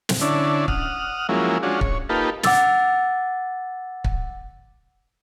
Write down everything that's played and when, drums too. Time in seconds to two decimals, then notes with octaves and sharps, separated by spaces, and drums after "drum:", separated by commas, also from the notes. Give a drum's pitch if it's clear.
0.09 drum: snare
0.21 D3 C#4 D4 E4
0.68 F#5 D#6 F6, drum: kick
1.29 F3 F#3 G#3 A#3 C#4 E4
1.63 G#3 C#4 D4 F4 F#4
1.81 C#5, drum: kick
2.09 A#3 D#4 F4 G4 A4 B4
2.43 F#5 D6 E6 A6, drum: snare
4.04 drum: kick